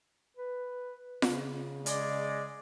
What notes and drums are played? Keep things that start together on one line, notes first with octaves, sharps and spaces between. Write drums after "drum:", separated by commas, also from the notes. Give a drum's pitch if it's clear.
B4
C#3, drum: snare F4
G#3 D5, drum: hi-hat